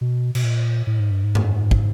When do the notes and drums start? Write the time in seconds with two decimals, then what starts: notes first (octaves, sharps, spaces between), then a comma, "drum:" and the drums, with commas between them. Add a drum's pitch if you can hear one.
0.01 B2
0.35 B2, drum: cymbal
0.44 A#2
0.87 A2
1.00 G#2
1.11 G2
1.24 G#2
1.35 drum: tom F#2
1.71 drum: kick